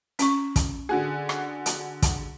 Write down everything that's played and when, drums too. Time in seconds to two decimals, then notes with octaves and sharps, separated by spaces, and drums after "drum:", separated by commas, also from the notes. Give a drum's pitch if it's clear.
0.19 C#4 C#6, drum: hi-hat
0.56 drum: kick, hi-hat
0.89 D3 F#4 G#4
1.29 drum: rim click
1.66 drum: hi-hat
2.02 drum: kick, hi-hat